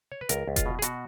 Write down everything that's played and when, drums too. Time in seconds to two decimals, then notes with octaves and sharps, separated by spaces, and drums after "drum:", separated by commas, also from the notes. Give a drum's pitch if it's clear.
0.12 C#5
0.21 B4
0.29 C#2 A#4, drum: hi-hat
0.47 C#2
0.56 F4, drum: kick F1, hi-hat
0.66 B2
0.79 G#4
0.82 B2 F#4, drum: hi-hat